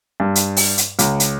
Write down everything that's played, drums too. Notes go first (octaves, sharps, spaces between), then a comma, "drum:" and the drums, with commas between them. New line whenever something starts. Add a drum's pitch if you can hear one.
G2
drum: hi-hat
drum: open hi-hat
drum: hi-hat
C#2, drum: hi-hat
drum: hi-hat